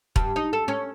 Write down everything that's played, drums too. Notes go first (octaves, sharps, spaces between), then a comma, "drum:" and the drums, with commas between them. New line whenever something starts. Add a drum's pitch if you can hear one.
G2, drum: kick
D#4
A4
C#4